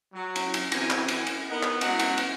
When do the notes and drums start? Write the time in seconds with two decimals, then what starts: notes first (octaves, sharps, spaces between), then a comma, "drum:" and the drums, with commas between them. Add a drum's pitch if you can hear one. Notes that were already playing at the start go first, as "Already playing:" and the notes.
0.14 F#3
0.36 drum: cymbal
0.54 drum: cymbal
0.72 F#2 E3 C4 G#5, drum: cymbal
0.90 drum: clap
1.08 drum: cymbal
1.27 drum: cymbal
1.50 B3 D#4 A#4 B4 D#5 F#5
1.63 drum: clap
1.81 F#3 G#3 B3 F#5, drum: cymbal
1.99 drum: cymbal
2.18 drum: cymbal